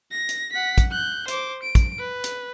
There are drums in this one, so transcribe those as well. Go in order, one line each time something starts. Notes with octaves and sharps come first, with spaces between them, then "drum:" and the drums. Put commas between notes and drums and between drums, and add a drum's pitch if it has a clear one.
A#6
drum: hi-hat
F#5 B6
drum: kick, hi-hat
F#6 G6
C5 D6, drum: hi-hat
D7
drum: kick, hi-hat
B4
drum: hi-hat